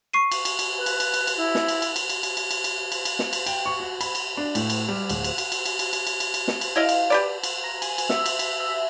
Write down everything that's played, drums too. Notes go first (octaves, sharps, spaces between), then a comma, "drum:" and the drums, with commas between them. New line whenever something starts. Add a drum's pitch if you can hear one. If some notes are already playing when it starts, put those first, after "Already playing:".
C#6 C7 D#7
drum: cymbal
drum: cymbal
drum: cymbal
B4
drum: cymbal
drum: cymbal
drum: cymbal
drum: cymbal
E4
drum: snare
drum: cymbal
drum: cymbal
drum: cymbal
drum: cymbal
drum: cymbal
drum: cymbal
drum: cymbal
drum: cymbal
drum: cymbal
drum: cymbal
drum: snare
drum: cymbal
G5, drum: cymbal
C#6
F#4
B5, drum: cymbal
drum: cymbal
D4
A2, drum: cymbal
drum: cymbal
G3
D1, drum: cymbal
drum: cymbal
drum: cymbal
drum: cymbal
drum: cymbal
drum: cymbal
drum: cymbal
drum: cymbal
drum: cymbal
drum: cymbal
drum: snare
drum: cymbal
E4 D#5 F5
drum: cymbal
G4 B4 D5
drum: cymbal
A#5
G#5, drum: cymbal
drum: cymbal
E5, drum: snare
drum: cymbal
drum: cymbal
E5